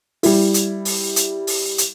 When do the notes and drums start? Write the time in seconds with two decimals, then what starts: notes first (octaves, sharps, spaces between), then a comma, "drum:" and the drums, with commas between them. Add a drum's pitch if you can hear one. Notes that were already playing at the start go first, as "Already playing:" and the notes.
0.23 G3 E4, drum: open hi-hat
0.54 drum: hi-hat
0.85 drum: open hi-hat
1.16 drum: hi-hat
1.47 drum: open hi-hat
1.78 drum: hi-hat